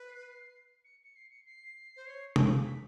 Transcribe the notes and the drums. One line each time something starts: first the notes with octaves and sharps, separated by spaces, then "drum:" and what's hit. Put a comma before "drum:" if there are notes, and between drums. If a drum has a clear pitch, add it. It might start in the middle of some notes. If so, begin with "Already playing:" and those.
Already playing: B4
C7
C#7
C#7
C7
C#7
C7
C5
C#5
drum: tom
B6